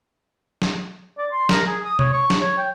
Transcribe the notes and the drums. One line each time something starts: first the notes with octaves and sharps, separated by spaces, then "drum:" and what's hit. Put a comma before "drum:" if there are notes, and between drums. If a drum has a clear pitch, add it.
drum: snare
D5
C6
A#4, drum: snare
G#4
D#6
C#5, drum: tom C3
C#6
drum: snare
C#5
G5